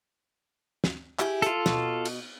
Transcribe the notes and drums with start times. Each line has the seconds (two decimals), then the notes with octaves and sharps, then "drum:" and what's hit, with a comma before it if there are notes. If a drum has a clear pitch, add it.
0.84 drum: snare
1.19 E4 G4 G#4, drum: clap
1.42 F4 A4, drum: hi-hat
1.66 B2, drum: snare
2.05 drum: cymbal